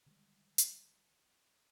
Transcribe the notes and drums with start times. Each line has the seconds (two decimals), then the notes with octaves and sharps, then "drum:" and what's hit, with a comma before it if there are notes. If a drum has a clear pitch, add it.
0.06 D3 D#3 G3 G#3
0.58 drum: hi-hat